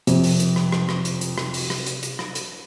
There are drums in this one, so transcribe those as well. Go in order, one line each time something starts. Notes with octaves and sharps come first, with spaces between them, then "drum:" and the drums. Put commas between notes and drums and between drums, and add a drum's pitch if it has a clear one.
F2 C3, drum: hi-hat
drum: open hi-hat
drum: hi-hat
drum: rim click
drum: rim click
drum: rim click
drum: hi-hat
drum: hi-hat
drum: rim click
drum: open hi-hat
drum: rim click
drum: hi-hat
drum: hi-hat
drum: rim click
drum: hi-hat